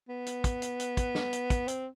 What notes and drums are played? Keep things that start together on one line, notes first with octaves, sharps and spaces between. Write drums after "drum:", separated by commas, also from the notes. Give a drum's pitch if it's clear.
B3
drum: hi-hat
drum: kick, hi-hat
drum: hi-hat
drum: hi-hat
drum: kick, hi-hat
drum: snare
drum: hi-hat
drum: kick, hi-hat
C4, drum: hi-hat